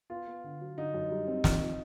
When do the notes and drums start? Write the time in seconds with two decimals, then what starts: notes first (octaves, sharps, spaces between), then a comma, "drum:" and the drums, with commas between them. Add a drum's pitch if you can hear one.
0.10 B3 F4
0.27 B3
0.44 D3
0.61 F#3
0.77 D3 D#4
0.94 F#2
1.11 G3
1.27 C4
1.44 F3, drum: snare
1.61 F3